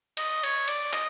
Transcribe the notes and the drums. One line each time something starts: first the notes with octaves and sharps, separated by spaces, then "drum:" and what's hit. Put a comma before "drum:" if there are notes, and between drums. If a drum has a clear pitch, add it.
D#5, drum: cymbal
C#5, drum: cymbal
D5, drum: cymbal
D#5, drum: clap